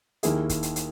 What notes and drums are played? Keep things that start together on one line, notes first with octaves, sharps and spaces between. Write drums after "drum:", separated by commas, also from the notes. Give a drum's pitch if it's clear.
D#2 D#3 A#3 E4 G#4, drum: hi-hat
drum: kick, hi-hat
drum: hi-hat
drum: hi-hat